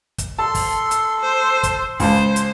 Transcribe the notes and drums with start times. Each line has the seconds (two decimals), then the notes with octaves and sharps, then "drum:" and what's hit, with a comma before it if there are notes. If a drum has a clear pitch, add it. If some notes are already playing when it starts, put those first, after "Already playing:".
0.18 drum: kick, hi-hat
0.38 A4 A5 C6
0.55 drum: kick, open hi-hat
0.91 drum: hi-hat
1.20 C5
1.63 drum: kick, hi-hat
2.00 C#2 C5 A5, drum: kick, open hi-hat
2.36 drum: hi-hat